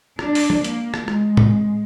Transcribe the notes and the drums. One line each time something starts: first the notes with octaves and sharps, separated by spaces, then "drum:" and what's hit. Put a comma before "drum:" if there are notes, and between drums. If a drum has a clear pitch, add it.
D4, drum: rim click
drum: open hi-hat
drum: tom
A#3, drum: hi-hat
drum: rim click
G#3, drum: rim click
drum: tom A2